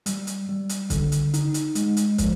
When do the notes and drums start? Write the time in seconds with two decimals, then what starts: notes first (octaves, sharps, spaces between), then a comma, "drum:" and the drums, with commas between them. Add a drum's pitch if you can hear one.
0.06 G3, drum: hi-hat
0.27 drum: hi-hat
0.49 G3
0.69 drum: hi-hat
0.90 D3, drum: kick, hi-hat
1.12 drum: hi-hat
1.34 D#4, drum: hi-hat
1.54 drum: hi-hat
1.75 G#3, drum: hi-hat
1.97 drum: hi-hat
2.18 F3, drum: kick, hi-hat